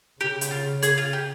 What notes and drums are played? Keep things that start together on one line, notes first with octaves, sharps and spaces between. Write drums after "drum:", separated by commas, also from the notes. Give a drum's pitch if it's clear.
C#3 G4
drum: hi-hat
F4
G#4, drum: hi-hat
F4
G4